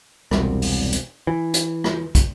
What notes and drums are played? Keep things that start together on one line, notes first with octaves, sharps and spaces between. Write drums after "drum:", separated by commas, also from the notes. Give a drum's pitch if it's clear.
E1 C2, drum: rim click
drum: open hi-hat
drum: hi-hat
E3
drum: hi-hat
drum: rim click
drum: kick, hi-hat